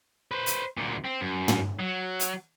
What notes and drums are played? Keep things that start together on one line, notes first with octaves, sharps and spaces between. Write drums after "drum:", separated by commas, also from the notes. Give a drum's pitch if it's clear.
B4 C5
drum: hi-hat
D2 A#2
C4
F#2
drum: tom
F#3
drum: hi-hat